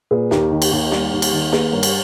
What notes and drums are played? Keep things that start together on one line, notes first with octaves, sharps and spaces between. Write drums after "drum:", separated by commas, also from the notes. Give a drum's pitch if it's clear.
A#2 G#4 B4
D#2 G4 A#4, drum: snare
D#3
drum: cymbal
D#2
G3, drum: snare
D#2
drum: cymbal
D#3
A#3 G#4 B4, drum: snare
G2 A#4 C#5
drum: cymbal